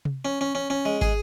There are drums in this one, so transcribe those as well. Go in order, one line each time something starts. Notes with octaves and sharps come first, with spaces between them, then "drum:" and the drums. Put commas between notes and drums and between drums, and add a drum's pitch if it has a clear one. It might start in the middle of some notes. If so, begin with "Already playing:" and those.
drum: tom C3
C#4
C#4
C#4
C#4
G#3
G#4, drum: kick